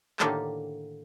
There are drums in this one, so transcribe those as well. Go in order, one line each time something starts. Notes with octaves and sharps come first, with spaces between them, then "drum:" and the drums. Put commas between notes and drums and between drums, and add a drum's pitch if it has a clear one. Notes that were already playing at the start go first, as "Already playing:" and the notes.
A2 D3 D#3 A#3 G4 A4, drum: clap